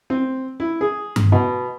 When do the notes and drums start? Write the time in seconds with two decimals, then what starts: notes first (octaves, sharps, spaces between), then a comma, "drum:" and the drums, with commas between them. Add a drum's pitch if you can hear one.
0.10 C4
0.60 E4
0.81 G#4
1.16 drum: tom G2
1.32 B2